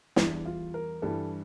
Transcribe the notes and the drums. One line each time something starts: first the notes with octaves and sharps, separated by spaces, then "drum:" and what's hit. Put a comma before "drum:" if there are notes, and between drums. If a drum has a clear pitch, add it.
E2 E3 G3 D4, drum: snare
F4
A#4
G2 E3 G3 A4